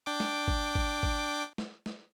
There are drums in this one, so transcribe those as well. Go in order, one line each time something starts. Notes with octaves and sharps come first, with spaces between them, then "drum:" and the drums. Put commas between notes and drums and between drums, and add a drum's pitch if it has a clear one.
D4 G5 D6
drum: snare
drum: kick
drum: kick
drum: kick
drum: snare
drum: snare